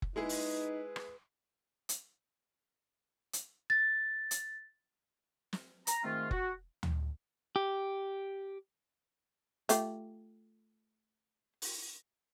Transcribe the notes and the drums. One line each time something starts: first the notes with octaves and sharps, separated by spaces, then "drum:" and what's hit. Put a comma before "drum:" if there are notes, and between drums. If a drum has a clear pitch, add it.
drum: kick
G#3 D#4 E4 G#4 B4
drum: open hi-hat
drum: rim click
drum: hi-hat
drum: hi-hat
A6
drum: hi-hat
drum: snare
A#5, drum: hi-hat
G#2 D#3 A3 C4 F4
F#4, drum: kick
drum: tom D2
G4
A3 F4 G4, drum: hi-hat
drum: open hi-hat